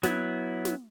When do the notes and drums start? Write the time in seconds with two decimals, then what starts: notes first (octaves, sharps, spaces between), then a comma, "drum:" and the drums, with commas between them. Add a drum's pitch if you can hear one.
0.03 F#3 B3 E4, drum: snare
0.65 drum: snare